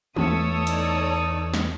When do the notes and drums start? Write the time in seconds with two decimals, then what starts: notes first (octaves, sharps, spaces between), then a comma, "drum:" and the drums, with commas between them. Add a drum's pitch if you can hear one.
0.16 E2 E3 A3 A4 C#5 D#6 E6, drum: tom
0.67 D#4 D5, drum: hi-hat
1.54 drum: snare